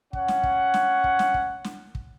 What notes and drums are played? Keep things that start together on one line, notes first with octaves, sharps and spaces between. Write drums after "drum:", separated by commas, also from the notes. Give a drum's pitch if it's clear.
C#4 C#5 F#5, drum: kick
drum: snare
drum: kick
drum: snare
drum: kick
drum: snare
drum: kick
drum: snare
drum: kick